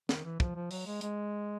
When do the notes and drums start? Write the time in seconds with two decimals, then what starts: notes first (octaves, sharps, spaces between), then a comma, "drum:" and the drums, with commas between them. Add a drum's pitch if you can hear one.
0.09 D#3, drum: snare
0.24 E3
0.40 F3, drum: kick
0.55 F3
0.71 F#3, drum: open hi-hat
0.86 G#3
1.01 G#3, drum: hi-hat